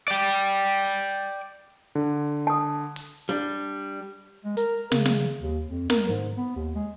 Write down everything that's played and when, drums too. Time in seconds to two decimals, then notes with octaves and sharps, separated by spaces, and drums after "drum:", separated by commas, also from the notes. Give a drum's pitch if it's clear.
0.08 D5 G5
0.85 drum: hi-hat
1.95 D3
2.47 A5 D#6
2.96 drum: open hi-hat
3.29 G3 D4
4.45 G#3
4.57 A#4, drum: hi-hat
4.92 C#3, drum: snare
5.05 drum: snare
5.41 D#2
5.68 F2
5.90 A#4, drum: snare
6.09 G#2
6.36 B3
6.56 D#2
6.75 G#3